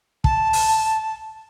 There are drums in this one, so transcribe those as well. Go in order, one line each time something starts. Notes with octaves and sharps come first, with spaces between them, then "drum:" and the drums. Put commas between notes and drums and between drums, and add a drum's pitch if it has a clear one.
A5, drum: kick
drum: open hi-hat